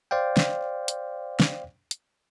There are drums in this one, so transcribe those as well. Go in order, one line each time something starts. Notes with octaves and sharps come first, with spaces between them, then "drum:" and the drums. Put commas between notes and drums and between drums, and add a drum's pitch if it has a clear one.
C5 D5 F5 G5
drum: snare
drum: hi-hat
drum: snare
drum: hi-hat